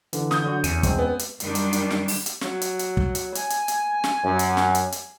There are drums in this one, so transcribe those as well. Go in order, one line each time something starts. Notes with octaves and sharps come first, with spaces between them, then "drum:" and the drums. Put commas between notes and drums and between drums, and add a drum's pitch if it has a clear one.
D3 E3, drum: hi-hat
D#6 G6, drum: snare
D3 F#3 F#4
E2 C#4 C#7 D#7, drum: hi-hat
G#3 C4 C#4, drum: kick, hi-hat
B3
drum: hi-hat
F#2 D#3 G3 D4, drum: hi-hat
drum: hi-hat
drum: hi-hat
drum: snare
drum: open hi-hat
drum: hi-hat
F#3, drum: snare
drum: hi-hat
drum: hi-hat
drum: kick
drum: hi-hat
G#5, drum: hi-hat
drum: hi-hat
drum: hi-hat
drum: snare
F#2
drum: hi-hat
drum: snare
drum: hi-hat
drum: hi-hat